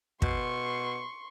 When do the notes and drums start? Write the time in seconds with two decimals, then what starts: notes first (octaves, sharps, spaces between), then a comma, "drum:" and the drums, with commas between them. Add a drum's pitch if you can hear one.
0.22 B2 C6 C#6, drum: kick